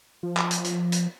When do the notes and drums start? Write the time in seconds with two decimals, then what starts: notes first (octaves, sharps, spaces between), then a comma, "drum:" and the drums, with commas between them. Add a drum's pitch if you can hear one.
0.23 F3
0.37 drum: clap
0.51 drum: hi-hat
0.64 drum: hi-hat
0.92 drum: hi-hat